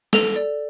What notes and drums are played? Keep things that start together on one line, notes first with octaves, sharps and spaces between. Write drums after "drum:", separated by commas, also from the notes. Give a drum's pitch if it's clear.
A4 F7, drum: snare
D5